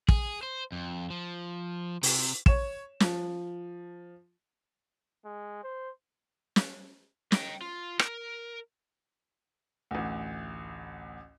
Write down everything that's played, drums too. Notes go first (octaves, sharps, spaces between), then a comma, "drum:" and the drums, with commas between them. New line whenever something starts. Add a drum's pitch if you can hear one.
G#4, drum: kick
C5
F2
F3
C3, drum: open hi-hat
C#5 E7, drum: kick
F3, drum: snare
G#3
C5
drum: snare
D#5 G5, drum: snare
F4
A#4, drum: rim click
A1 D2